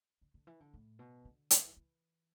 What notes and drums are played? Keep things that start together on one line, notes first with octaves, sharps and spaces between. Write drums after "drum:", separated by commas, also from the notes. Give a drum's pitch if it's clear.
D3
D3
E3
D3
A2
B2
D3
E3, drum: hi-hat
E3